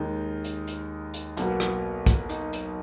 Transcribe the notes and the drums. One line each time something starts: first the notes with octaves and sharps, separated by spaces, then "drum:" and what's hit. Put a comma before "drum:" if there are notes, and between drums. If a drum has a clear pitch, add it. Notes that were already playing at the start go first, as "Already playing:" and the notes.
Already playing: D#2 D#3 G#3 D#4
drum: hi-hat
drum: hi-hat
drum: hi-hat
B1 B2 A#3, drum: hi-hat
drum: rim click
drum: kick, hi-hat
D#4, drum: hi-hat
drum: hi-hat